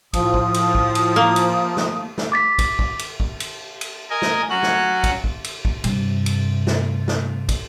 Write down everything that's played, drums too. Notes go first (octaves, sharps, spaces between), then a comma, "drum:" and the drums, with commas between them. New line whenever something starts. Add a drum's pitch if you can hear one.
A2 F3 D#6, drum: kick, cymbal
drum: kick
drum: cymbal
drum: kick
drum: cymbal
A#3
drum: cymbal
drum: snare
drum: snare
D6 A6 B6
drum: kick, cymbal
drum: kick
drum: cymbal
drum: kick
drum: cymbal
drum: cymbal
A#4 D#5 G#5
drum: snare
F#3 C#4 F#4 F#6
drum: snare
drum: kick, cymbal
drum: kick
drum: cymbal
drum: kick
G2 C3, drum: cymbal
drum: cymbal
drum: snare
drum: snare
drum: kick, cymbal